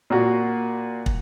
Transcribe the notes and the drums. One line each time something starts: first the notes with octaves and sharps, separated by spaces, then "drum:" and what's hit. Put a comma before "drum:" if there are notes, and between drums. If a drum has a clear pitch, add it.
A#2 A#3 F#4
drum: kick